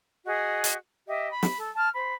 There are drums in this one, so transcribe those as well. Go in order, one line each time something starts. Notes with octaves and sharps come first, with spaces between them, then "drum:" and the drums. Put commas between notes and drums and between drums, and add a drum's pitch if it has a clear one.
F#4 G#4 D#5
drum: hi-hat
G4 D#5 E5
B5
drum: snare
A4
A5 F6
C5 B5